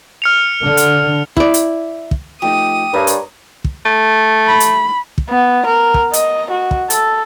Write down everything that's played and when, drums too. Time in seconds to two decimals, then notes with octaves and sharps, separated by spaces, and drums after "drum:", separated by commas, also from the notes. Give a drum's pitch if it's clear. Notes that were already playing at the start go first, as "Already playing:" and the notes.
0.22 F6 C#7 F7
0.63 D3
0.77 drum: hi-hat
1.37 E4 D5, drum: kick
1.54 drum: hi-hat
2.11 drum: kick
2.42 F3 A3 D#4 G4 D#6
2.94 G2 G4 A#4 C#5 A#5
3.07 drum: hi-hat
3.64 drum: kick
3.85 A3
4.46 B5
4.60 drum: hi-hat
5.18 drum: kick
5.30 B3
5.66 A#4
5.94 drum: kick
6.13 D#5, drum: hi-hat
6.50 F#4
6.71 drum: kick
6.90 A4, drum: hi-hat